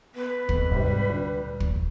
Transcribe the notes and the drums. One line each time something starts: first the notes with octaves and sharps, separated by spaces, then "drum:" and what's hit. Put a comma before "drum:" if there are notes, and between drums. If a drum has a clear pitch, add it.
B3 B4
F2, drum: kick
G#2 C3 G3
D2
A#2
drum: kick